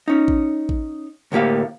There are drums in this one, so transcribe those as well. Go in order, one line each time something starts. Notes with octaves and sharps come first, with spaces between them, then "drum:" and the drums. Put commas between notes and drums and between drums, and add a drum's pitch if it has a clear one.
C#4 D#4
drum: kick A1
drum: kick A1
D2 A2 A#3 G4 F5